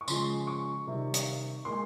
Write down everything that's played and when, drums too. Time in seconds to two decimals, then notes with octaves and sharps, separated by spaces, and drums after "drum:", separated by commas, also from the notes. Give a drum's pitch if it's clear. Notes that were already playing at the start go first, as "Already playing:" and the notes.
0.01 C#6
0.08 C#3 F3 G#3 C6, drum: tambourine
0.47 C#6
0.87 C3 D#3 G3
1.14 drum: hi-hat
1.65 A#2 G#3 C6